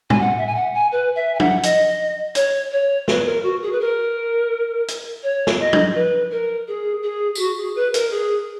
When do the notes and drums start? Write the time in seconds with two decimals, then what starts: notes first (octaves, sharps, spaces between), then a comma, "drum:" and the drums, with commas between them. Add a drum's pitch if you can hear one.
0.10 G#5, drum: tom A2
0.20 F#5
0.38 E5
0.46 G#5
0.55 F#5
0.74 G#5
0.92 B4
1.16 E5
1.35 G#5
1.40 F#5, drum: tom
1.63 D#5, drum: hi-hat
2.35 C#5, drum: hi-hat
2.71 C#5
3.08 B4, drum: snare
3.25 A#4
3.43 F#4
3.62 G#4
3.72 B4
3.80 A#4
4.88 drum: hi-hat
5.23 C#5
5.47 drum: snare
5.60 D#5
5.73 drum: tom
5.95 B4
6.31 A#4
6.68 G#4
7.03 G#4
7.35 G#4, drum: tambourine
7.39 F#4
7.57 G#4
7.76 B4
7.94 A#4, drum: hi-hat
8.11 G#4